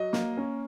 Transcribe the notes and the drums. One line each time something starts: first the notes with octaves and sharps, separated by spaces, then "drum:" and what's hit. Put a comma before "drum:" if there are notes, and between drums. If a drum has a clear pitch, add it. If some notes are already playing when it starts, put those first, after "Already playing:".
Already playing: F#3 D#5
A#3, drum: snare
C#4